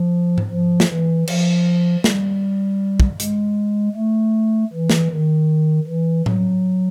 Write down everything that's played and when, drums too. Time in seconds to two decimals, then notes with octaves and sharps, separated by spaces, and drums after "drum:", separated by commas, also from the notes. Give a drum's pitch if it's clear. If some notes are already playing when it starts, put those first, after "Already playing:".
Already playing: F3
0.38 drum: tom G#2
0.51 F3
0.80 drum: snare
0.89 E3
1.28 F3, drum: cymbal
2.04 G3, drum: snare
3.00 drum: kick
3.20 G#3, drum: hi-hat
3.95 A3
4.73 E3
4.90 drum: snare
5.11 D#3
5.87 E3
6.26 F#3, drum: tom A2